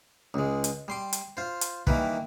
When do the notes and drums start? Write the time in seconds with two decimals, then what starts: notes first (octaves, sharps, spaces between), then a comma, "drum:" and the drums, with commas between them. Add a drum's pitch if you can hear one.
0.34 C#2 G#3
0.64 drum: hi-hat
0.88 G3 C6 D6
1.13 drum: hi-hat
1.37 F4 C5
1.61 drum: hi-hat
1.87 D#3 E3 G3 A#3 B4, drum: kick